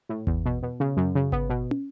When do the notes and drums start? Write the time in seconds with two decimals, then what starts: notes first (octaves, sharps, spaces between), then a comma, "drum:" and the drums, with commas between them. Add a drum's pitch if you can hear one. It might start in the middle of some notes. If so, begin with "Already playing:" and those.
0.09 A2
0.27 E2, drum: kick G#1
0.45 B2
0.63 B2
0.80 C#3
0.97 F#2
1.15 C#3
1.32 B3, drum: kick G#1
1.49 B2
1.71 drum: tom